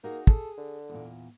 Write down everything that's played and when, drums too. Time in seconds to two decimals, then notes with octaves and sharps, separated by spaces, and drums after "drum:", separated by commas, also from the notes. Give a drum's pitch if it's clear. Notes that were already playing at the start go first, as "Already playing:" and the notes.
0.04 A#3 D#4 F#4 G#4
0.27 G#4 A4, drum: kick
0.57 D3
0.89 E2 A#2